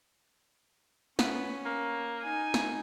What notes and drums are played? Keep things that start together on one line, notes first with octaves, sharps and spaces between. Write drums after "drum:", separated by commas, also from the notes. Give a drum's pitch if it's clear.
B3 C#4, drum: snare
A#3
D#4 G#5
drum: snare